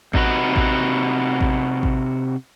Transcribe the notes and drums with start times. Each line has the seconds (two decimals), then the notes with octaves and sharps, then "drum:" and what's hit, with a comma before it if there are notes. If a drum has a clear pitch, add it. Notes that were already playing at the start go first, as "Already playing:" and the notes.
0.13 C3 D#4 F#4 B4, drum: kick A1
0.56 drum: kick A1
1.41 drum: kick A1
1.83 drum: kick A1